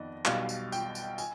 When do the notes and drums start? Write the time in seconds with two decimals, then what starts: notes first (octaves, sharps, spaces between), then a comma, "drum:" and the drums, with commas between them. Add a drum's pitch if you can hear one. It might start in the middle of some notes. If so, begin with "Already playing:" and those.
Already playing: F2 D#3 B3 D5 D#5
0.26 B1 B2 G3 F5, drum: clap
0.49 drum: tambourine
0.72 G5, drum: tambourine
0.95 drum: tambourine
1.18 G#5, drum: tambourine